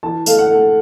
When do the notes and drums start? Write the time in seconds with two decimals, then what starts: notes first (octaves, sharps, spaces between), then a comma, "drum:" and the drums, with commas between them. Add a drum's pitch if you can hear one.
0.03 E3 A5
0.26 A3 F5, drum: tambourine
0.39 F#5
0.50 A3